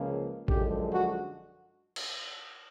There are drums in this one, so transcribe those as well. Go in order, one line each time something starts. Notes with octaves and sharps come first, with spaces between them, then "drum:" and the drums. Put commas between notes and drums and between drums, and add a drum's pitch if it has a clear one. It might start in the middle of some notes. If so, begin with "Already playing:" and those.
Already playing: C#2 C#3 F3 A#3
F#2 D3 F3 G#3 G4, drum: kick
F#4
drum: cymbal